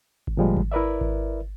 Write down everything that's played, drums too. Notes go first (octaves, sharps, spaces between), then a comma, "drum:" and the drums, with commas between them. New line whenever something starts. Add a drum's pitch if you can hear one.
drum: kick G#1
A#2 D3 F3 G3 G#3
drum: kick G#1
E4 A#4 B4 D5 E5
drum: kick G#1